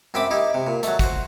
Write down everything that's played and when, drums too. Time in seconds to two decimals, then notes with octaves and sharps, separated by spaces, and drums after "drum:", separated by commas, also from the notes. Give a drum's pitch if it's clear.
0.14 F#2 C4 E5 G5 B5 D6
0.31 D#4 E4 G4
0.54 C3
0.67 A#2
0.83 F#3 A3, drum: hi-hat
0.99 F#4 C5, drum: kick, hi-hat